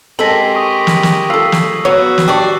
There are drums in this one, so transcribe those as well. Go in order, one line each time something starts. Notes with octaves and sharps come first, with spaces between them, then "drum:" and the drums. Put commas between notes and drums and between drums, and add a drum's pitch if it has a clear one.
G#3 C4 G4 A4 A#4 A#6 B6 F#7
C#6 D#6
drum: snare
drum: snare
F4 A4 E6 C7
drum: snare
F#3 B3 F#4 C#5
drum: snare
D4 G4 D5 C#6